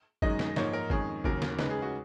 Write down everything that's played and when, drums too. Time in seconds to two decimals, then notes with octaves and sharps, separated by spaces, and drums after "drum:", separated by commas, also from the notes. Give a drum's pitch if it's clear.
0.22 F#2 D#3 G#3 D#4 D#5, drum: kick
0.39 drum: snare
0.56 G#2 F3 A#3 D#4 C#5, drum: snare
0.73 A#4
0.90 F2 D#3 G#3 C#4 G#4, drum: kick
1.24 D#2 C#3 F#3 A#4, drum: kick
1.42 drum: snare
1.59 C#3 G#3 D#4 B4, drum: snare
1.70 G#4
1.82 F#4